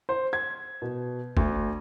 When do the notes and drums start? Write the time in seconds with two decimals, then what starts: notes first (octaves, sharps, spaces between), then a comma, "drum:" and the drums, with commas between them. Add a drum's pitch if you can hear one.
0.09 C5
0.33 G#6
0.82 B2
1.37 D2, drum: kick F#1